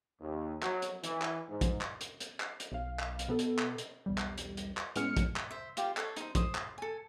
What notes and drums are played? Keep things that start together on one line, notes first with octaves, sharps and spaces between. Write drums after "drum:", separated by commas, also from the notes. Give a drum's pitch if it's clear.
D#2
F#3, drum: clap
drum: hi-hat
E3, drum: hi-hat
drum: clap
G#2
drum: kick, hi-hat
drum: clap
drum: hi-hat
drum: hi-hat
drum: clap
drum: hi-hat
B1 F5
drum: clap
drum: hi-hat
B2 B3 A4
drum: hi-hat
drum: clap
drum: hi-hat
B1 E2 G3
drum: clap
drum: hi-hat
drum: hi-hat
drum: clap
A2 G#3 B3 C#4 F6 C#7, drum: hi-hat
drum: kick, hi-hat
drum: clap
C5 E5
F4 G4, drum: hi-hat
A4 C#5, drum: clap
D#4 C5, drum: hi-hat
C5 D#6, drum: kick, hi-hat
drum: clap
A4 G#5